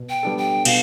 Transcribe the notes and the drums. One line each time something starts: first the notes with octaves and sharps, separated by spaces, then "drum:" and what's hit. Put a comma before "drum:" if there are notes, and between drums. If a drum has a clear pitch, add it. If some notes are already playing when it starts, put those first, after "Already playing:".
Already playing: B2
G5
G3 B3 D4 A4
G5
B2 F5, drum: cymbal